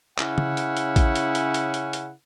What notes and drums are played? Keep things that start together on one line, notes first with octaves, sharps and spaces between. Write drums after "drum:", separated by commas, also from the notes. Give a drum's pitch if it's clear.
C#3 C#4 E4 F#5, drum: clap
drum: tom C#3
drum: hi-hat
drum: hi-hat
drum: kick A1, hi-hat
drum: hi-hat
drum: hi-hat
drum: hi-hat
drum: hi-hat
drum: hi-hat